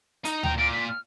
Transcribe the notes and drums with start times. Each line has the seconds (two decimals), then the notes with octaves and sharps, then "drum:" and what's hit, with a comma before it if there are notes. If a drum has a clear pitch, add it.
0.25 D#4, drum: hi-hat
0.43 A#2 G5 A#5, drum: tom D2
0.58 A#2 D7
0.73 B6
0.89 F6